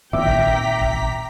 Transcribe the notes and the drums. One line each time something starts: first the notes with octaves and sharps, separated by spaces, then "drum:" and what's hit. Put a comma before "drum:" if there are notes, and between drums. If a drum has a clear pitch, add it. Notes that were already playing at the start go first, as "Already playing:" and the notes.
A#2 D#3 C4 E5 G5 A#5 D6 B6
drum: kick
drum: kick